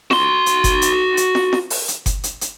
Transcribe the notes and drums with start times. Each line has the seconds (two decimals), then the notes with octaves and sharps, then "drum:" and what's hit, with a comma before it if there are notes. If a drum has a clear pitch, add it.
0.11 F#4 C6, drum: snare
0.46 drum: hi-hat
0.64 drum: kick F#1, hi-hat
0.82 drum: hi-hat
1.17 drum: hi-hat
1.35 drum: snare
1.53 drum: snare
1.70 drum: open hi-hat
1.88 drum: hi-hat
2.06 drum: kick F#1, hi-hat
2.24 drum: hi-hat
2.41 drum: hi-hat